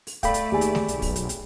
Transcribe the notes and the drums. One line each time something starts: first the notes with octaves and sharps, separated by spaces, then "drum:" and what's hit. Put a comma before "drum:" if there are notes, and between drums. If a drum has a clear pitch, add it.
drum: open hi-hat
A3 A4 D5 F5 G5 B5, drum: kick, hi-hat
drum: hi-hat
D#2 G4 G#4 G#5
drum: hi-hat
drum: snare A3
B1, drum: hi-hat
drum: kick, open hi-hat
drum: hi-hat
drum: hi-hat